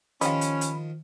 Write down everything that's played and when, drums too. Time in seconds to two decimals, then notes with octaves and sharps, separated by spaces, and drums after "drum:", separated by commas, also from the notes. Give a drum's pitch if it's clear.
0.21 D#3 F3 C#4 F4 G4 D#5 B5, drum: hi-hat
0.41 drum: hi-hat
0.61 drum: hi-hat